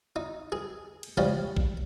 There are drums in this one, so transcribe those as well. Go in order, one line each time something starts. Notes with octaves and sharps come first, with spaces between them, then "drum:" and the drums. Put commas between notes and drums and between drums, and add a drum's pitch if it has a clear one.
D#4
G#4
drum: cymbal
C#3 F3 G3 G#3
drum: kick A#1